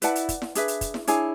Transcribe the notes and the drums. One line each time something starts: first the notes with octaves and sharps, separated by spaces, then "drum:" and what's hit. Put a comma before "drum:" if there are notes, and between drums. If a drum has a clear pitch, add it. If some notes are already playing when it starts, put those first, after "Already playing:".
E4 B4 D5 F#5 A5, drum: hi-hat
drum: hi-hat
drum: kick, hi-hat
drum: snare E4
D4 G#4 B4 E5, drum: hi-hat
drum: hi-hat
drum: kick, hi-hat
drum: snare E4
D4 E4 G#4 C#5 G#5, drum: hi-hat